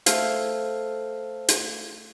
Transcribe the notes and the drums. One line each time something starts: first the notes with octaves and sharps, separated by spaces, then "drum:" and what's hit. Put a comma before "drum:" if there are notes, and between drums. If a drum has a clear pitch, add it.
A3 A4 C5 F5, drum: hi-hat
drum: hi-hat